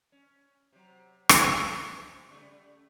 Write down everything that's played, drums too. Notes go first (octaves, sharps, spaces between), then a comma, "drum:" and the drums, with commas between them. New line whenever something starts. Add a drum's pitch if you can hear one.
C#4
C3 F#3
drum: rim click
C3 E5
C#3 G3 A3